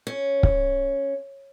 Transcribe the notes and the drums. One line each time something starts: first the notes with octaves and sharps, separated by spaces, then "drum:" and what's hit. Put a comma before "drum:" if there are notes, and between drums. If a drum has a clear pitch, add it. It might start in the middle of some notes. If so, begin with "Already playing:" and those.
C#4
drum: kick